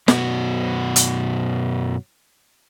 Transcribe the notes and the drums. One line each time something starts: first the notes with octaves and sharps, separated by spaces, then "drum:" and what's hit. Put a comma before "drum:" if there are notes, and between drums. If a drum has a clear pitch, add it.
F#2 B2 F#4, drum: snare
drum: hi-hat